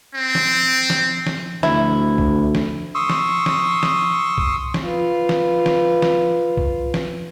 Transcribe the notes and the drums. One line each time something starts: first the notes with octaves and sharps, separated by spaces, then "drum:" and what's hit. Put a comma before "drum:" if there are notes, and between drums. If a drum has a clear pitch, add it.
C4
drum: snare
drum: snare
drum: snare
D2 E4, drum: snare
drum: kick C2
drum: snare
C6 C#6 D#6 E6
drum: snare
drum: snare
drum: snare
drum: kick C2
drum: snare
F4 B4
drum: snare
drum: snare
drum: snare
drum: kick C2
drum: snare